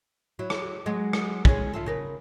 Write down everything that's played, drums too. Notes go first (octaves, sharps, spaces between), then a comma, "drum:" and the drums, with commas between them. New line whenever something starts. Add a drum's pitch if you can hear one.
F#3 E4
drum: rim click
F#3 G#3 D#5
drum: rim click
G#3 C#4 G#4, drum: kick
E4 F4 A4
C#3 A#4 B4